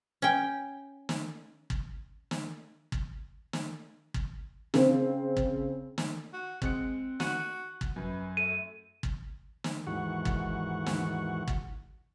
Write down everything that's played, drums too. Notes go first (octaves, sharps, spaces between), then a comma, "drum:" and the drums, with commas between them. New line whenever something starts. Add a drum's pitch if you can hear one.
C#4 G5
drum: snare
drum: kick
drum: snare
drum: kick
drum: snare
drum: kick
C#3 C4, drum: snare
drum: kick
drum: snare
F#4
G#3 C4 F#6 C#7, drum: kick
F#4 F#6 D#7, drum: snare
drum: kick
F#2 B4
A3 D#7
drum: kick
drum: snare
D#2 G#2 E3 F#4 F#5 C#6
drum: kick
drum: snare
drum: kick